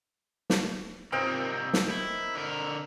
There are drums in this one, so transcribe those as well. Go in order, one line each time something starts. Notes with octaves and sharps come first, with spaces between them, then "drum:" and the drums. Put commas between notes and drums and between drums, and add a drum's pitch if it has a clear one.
drum: snare
C3 A#3 C4 D#4 A#4
drum: snare
E4
D3 A#4